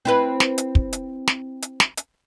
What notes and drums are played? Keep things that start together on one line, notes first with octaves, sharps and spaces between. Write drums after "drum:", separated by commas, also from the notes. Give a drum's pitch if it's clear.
C4 E4 B4
drum: snare
drum: hi-hat
drum: kick
drum: hi-hat
drum: snare
drum: hi-hat
drum: snare
drum: hi-hat